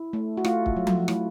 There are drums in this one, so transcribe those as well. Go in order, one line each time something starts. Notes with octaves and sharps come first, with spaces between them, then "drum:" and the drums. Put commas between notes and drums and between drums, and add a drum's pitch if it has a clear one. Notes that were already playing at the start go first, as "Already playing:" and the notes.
Already playing: E4
A3
F#4
A3 F4, drum: rim click
drum: kick C#1
F#3
drum: tom F3
A3 E4, drum: rim click